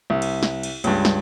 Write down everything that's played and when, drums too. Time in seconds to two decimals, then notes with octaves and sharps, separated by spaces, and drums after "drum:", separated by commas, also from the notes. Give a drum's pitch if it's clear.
0.10 C2
0.22 drum: cymbal
0.43 drum: snare
0.63 drum: cymbal
0.84 C#2 G2, drum: cymbal
1.05 drum: snare